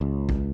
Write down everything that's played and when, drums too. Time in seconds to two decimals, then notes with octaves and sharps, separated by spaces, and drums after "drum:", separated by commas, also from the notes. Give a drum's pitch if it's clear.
0.01 C#2
0.29 drum: kick A#1